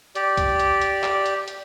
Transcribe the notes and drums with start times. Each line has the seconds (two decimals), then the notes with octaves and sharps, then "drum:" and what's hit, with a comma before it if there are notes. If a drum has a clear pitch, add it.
0.15 G4 D5, drum: hi-hat
0.37 drum: kick, hi-hat
0.59 drum: hi-hat
0.81 drum: hi-hat
1.04 drum: clap
1.26 drum: hi-hat
1.48 drum: hi-hat